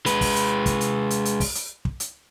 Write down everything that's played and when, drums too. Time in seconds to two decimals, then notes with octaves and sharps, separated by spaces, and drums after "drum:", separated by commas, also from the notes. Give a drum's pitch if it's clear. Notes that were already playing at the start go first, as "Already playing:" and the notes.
0.06 G#3 B4, drum: hi-hat
0.21 drum: kick, open hi-hat
0.36 drum: hi-hat
0.66 drum: kick, hi-hat
0.81 drum: hi-hat
1.10 drum: hi-hat
1.25 drum: hi-hat
1.40 drum: kick, open hi-hat
1.55 drum: hi-hat
1.85 drum: kick
2.00 drum: hi-hat